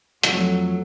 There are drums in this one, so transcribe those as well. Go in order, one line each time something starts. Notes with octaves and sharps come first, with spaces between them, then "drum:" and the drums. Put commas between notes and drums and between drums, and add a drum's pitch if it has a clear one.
B1 F2 F#3 A3, drum: hi-hat